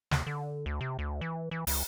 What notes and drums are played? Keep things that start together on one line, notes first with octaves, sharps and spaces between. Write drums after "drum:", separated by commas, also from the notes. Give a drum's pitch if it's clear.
D#2, drum: snare
D3
D2
C3
D2
E3
E3
C#2, drum: open hi-hat